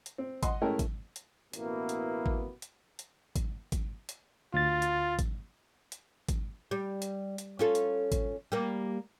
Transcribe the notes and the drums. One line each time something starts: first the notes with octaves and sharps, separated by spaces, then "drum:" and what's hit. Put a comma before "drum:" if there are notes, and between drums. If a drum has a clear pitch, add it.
drum: hi-hat
C4
D#5 F#5 C6, drum: kick G#1, hi-hat
G#3 A3 C#4 E4 A#4 G5
drum: kick G#1, hi-hat
drum: hi-hat
A1 B2 A#3 B3 E4, drum: hi-hat
drum: hi-hat
drum: kick G#1
drum: hi-hat
drum: hi-hat
drum: kick G#1, hi-hat
drum: kick G#1, hi-hat
drum: hi-hat
D2 F4 A6
drum: hi-hat
drum: kick G#1, hi-hat
drum: hi-hat
drum: kick G#1, hi-hat
G3
drum: hi-hat
drum: hi-hat
C#4 F4 A4
drum: hi-hat
drum: kick G#1, hi-hat
G3 A#3